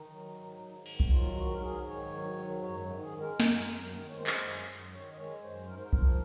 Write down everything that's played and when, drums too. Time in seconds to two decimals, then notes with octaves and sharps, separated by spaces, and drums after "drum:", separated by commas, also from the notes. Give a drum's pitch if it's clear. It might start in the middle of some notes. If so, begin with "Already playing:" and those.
Already playing: D#3 D#4
0.10 F#3
0.35 G#2
0.61 G#2
0.86 D#3, drum: cymbal
1.00 drum: kick B1
1.11 F#3 F4
1.36 G#2 F#4
1.54 A#4
1.61 G#2 G#4
1.87 D#3 C#5
2.12 F#3
2.37 G#2
2.63 F#2 C#5
2.89 D#3
3.01 G#4
3.14 G#3
3.20 A#4
3.40 F#2, drum: snare
3.65 F#2
3.90 D#3
4.09 C#5
4.16 G#3 C5
4.27 drum: clap
4.41 F#2
4.65 F#2
4.91 D#3 C#5
5.12 D#5
5.17 G#3 C#5
5.42 F#2 C5
5.67 G#2 A#4
5.76 C5
5.83 A#4
5.93 F3, drum: kick B1